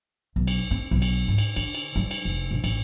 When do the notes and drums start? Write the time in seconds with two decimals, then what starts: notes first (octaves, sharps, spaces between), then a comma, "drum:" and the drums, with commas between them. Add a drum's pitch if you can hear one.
0.36 B1
0.47 drum: cymbal
0.71 C4
0.91 B1
1.02 drum: cymbal
1.28 G#2
1.38 drum: cymbal
1.56 D3, drum: cymbal
1.74 drum: cymbal
1.96 G3
2.11 drum: cymbal
2.25 F1
2.51 A#1
2.64 A1, drum: cymbal